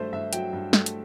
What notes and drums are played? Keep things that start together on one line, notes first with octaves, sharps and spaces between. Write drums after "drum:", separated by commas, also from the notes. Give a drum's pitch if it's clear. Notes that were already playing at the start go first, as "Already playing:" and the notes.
Already playing: G2 F#3 A3 C5 E5
G2 E5
F#3 G5, drum: hi-hat
G2
A3, drum: snare
drum: hi-hat